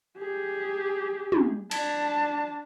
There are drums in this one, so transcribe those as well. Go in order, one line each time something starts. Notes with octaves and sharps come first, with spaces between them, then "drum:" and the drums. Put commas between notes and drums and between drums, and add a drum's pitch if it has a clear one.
G4 G#4
drum: tom
D4 A5, drum: cymbal